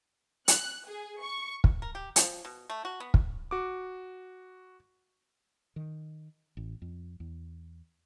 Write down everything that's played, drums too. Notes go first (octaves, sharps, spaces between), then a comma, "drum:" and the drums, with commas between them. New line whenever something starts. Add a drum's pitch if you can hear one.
F#6, drum: hi-hat
G#4
C#6
drum: kick
A#4
G4
F3, drum: hi-hat
B2
A3
F#4
B3
drum: kick
F#4 D6
D#3
A1
F2
E2